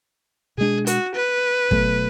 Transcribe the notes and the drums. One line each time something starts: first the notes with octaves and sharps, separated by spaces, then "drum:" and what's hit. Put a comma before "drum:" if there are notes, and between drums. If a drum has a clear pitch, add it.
B2 G#3 D4 G#4
F#4, drum: hi-hat
B4
B2 F#3 A3, drum: kick